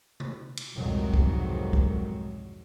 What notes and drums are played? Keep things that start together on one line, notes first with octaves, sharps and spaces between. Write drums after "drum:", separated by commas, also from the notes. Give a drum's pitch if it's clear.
drum: tom C3
drum: cymbal
C2 F2 G#2 D#3 F#3 G#3
drum: kick
drum: kick